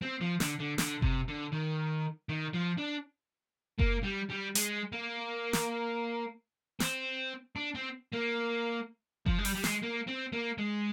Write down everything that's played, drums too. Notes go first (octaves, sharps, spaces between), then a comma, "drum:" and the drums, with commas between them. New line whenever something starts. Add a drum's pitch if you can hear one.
C4
F3
D3, drum: snare
D3
D3, drum: snare
C3, drum: kick F#1
D3
D#3
D#3
F3
D4
A#3, drum: kick F#1
G3
G3
G#3, drum: hi-hat
A#3
drum: snare
C4, drum: snare
D4
C4
A#3
F3, drum: kick F#1
G#3
G3, drum: open hi-hat
G3
G#3, drum: snare
A#3
C4
A#3
G#3